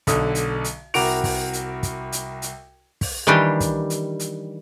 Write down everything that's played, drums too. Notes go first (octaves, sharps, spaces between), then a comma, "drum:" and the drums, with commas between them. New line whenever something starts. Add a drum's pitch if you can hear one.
B1 D3 D#6, drum: kick, hi-hat
drum: hi-hat
drum: hi-hat
C2 F#4 A#4 D6 D7 F7, drum: open hi-hat
drum: kick, open hi-hat
drum: hi-hat
drum: kick, hi-hat
drum: hi-hat
drum: hi-hat
drum: kick, open hi-hat
D#3 E3 G3 D4 G4
drum: kick, hi-hat
drum: hi-hat
drum: hi-hat